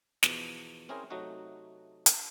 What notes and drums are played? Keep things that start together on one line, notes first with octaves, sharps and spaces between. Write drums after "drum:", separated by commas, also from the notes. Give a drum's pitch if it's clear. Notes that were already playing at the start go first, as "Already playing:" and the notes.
E2 B2 F3, drum: snare
C4 C#4 E4 G#4 A#4 C5
C3 F#3 A3 D#4 F#4 F#5
drum: hi-hat